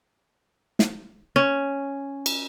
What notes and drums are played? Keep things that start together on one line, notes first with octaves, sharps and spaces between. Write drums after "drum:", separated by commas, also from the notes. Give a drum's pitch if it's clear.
drum: snare
C#4
drum: cymbal